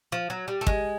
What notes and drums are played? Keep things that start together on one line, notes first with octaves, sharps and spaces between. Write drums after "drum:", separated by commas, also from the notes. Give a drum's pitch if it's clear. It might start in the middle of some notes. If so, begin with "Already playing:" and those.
F3
F#3
G3
A3
G#3, drum: kick